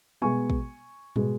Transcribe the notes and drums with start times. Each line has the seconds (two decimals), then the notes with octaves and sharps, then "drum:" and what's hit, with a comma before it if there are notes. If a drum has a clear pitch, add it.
0.21 B2 G#3 B3 G#5 C#6
0.50 drum: kick
1.16 B2 G#3 B3, drum: tom